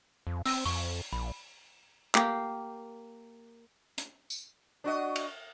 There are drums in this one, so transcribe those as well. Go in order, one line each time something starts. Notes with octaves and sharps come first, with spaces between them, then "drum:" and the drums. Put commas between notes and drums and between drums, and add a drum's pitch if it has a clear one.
F2
C4 E6 A#6 D#7, drum: open hi-hat
F2 C#6, drum: open hi-hat
A#1 B5
A#3 G4, drum: clap
drum: hi-hat
drum: tambourine
D4 F#4 D#5
drum: cymbal